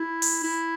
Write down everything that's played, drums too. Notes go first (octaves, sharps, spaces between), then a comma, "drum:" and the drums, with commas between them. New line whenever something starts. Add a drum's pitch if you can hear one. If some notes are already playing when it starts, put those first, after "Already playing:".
Already playing: E4
drum: open hi-hat
E4